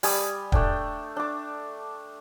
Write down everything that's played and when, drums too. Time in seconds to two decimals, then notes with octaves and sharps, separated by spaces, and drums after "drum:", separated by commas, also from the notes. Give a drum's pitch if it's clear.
0.03 G3 G#5 D#6, drum: open hi-hat
0.52 A3 D4 G5, drum: kick
1.17 D4 D6